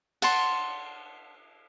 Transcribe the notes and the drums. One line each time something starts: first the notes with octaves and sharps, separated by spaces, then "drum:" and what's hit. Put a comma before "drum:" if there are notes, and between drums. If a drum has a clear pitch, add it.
F#5 A5 C6, drum: cymbal